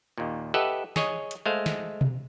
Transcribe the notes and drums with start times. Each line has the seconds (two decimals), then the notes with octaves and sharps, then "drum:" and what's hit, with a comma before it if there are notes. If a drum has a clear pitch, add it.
0.18 D#2 A#2
0.54 G4 A4 B4 D#5 E5 F#5
0.96 G#4 C#5 D#5, drum: snare
1.31 drum: hi-hat
1.46 G#3 A3 C5 F5
1.66 drum: snare
2.01 drum: tom B2